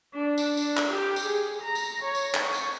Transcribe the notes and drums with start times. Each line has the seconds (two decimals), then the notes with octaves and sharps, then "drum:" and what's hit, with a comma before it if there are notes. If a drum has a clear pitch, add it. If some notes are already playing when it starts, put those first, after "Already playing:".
0.14 D4
0.38 drum: tambourine
0.57 D4, drum: tambourine
0.77 drum: clap
0.91 G4
1.16 drum: tambourine
1.26 G#4
1.62 A#5
1.75 drum: tambourine
2.03 C#5
2.15 drum: tambourine
2.34 drum: clap
2.44 C#6
2.54 drum: tambourine